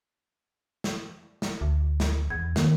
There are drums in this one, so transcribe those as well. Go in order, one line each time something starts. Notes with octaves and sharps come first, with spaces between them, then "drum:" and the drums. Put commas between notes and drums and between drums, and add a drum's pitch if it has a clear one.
drum: snare
drum: snare
D2
drum: snare
E2 G#6
D#3 F3 A#3, drum: snare